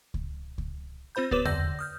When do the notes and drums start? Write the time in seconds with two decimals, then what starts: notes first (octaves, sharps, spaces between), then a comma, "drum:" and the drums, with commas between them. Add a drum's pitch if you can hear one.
0.14 drum: kick C#2
0.58 drum: kick C#2
1.15 C4 F4 C5 B5 G6
1.31 B3 G4 B4 C#5 D6 E7, drum: kick C#2
1.45 D3 D5 E6 G6 A#6, drum: tom E2
1.79 D#6 F6 G6